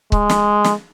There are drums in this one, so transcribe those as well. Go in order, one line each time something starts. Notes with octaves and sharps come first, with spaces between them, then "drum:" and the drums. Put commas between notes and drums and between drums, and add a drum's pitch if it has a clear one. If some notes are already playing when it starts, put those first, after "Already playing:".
G#3, drum: kick C#1
drum: snare
drum: snare